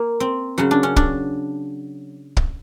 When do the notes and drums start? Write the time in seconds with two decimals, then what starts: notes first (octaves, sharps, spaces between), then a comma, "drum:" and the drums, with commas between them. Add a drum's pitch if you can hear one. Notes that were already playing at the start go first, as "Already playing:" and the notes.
Already playing: A#3
0.20 C4
0.58 C#3 F#3 C#4
0.71 D4
0.83 C#4
0.96 D4, drum: kick
2.37 drum: kick